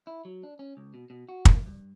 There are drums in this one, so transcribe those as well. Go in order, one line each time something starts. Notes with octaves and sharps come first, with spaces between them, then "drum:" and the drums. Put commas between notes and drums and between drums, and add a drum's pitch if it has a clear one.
E4
F#3
D4
C#4
C#2
B2
B2
F#4
A#3, drum: kick
G2